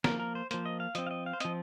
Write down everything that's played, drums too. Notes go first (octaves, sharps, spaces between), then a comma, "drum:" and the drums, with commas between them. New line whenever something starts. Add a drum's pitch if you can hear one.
F3 A#3 A#4, drum: snare
A#4
C5
F3 A#3 C5, drum: hi-hat
D#5
F5
F3 C4 D#5, drum: hi-hat
F5
D#5
F5
C5
F3 C4 D#5, drum: hi-hat